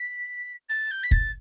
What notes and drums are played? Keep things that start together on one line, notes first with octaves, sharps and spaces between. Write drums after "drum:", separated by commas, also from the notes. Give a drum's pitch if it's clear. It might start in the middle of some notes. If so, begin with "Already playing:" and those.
Already playing: B6
A6
G6
B6
A6, drum: kick